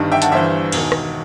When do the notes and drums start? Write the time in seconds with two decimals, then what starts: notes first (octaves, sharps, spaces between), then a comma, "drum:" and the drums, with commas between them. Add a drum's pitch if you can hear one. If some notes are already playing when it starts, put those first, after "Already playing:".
Already playing: G1 G2 D#3
0.12 E5 G5
0.22 F#5 A5, drum: hi-hat
0.32 G1 G2 E3 C5 E5
0.72 E1 E2 D#3, drum: cymbal
0.92 drum: rim click